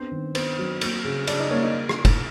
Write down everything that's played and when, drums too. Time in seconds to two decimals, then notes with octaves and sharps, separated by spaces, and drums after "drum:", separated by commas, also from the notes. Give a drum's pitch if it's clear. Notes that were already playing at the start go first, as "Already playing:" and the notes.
Already playing: B3 C4 D4 C5
0.11 D#3
0.35 B3 C4 C5, drum: cymbal
0.59 F#3
0.81 A#3, drum: cymbal
1.04 C#3
1.27 C#3 D4 D5, drum: cymbal
1.40 D#4 D#5
1.50 A#3 C#4 C#5
1.62 D#4 D#5
1.89 drum: rim click
2.05 drum: kick F1, cymbal